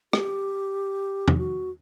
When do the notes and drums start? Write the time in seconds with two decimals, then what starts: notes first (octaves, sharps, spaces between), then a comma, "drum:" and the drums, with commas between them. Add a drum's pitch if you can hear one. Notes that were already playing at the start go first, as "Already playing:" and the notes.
0.13 G4, drum: rim click
1.28 drum: tom E2
1.38 F#4